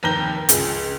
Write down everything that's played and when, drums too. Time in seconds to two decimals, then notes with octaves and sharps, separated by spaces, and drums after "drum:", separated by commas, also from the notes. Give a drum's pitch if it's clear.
0.03 F1 D#2 A#5 G6 A#6 G7
0.49 C#2 G#4, drum: hi-hat